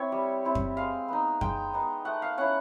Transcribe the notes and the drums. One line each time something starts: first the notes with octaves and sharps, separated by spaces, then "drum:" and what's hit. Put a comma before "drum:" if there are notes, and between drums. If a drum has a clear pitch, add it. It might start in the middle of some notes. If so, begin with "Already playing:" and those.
Already playing: C4 E4 C#5
G3
C4 E4
drum: kick F2
G#3 F5
B3 D#4
G#3 G5, drum: kick F2
B3 D#4
A3 F#5
F5
C#4 E4 F#5